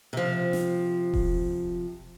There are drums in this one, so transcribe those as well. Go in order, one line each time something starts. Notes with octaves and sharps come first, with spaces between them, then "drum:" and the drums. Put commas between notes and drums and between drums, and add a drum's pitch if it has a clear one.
C3 F3
drum: snare
drum: kick E1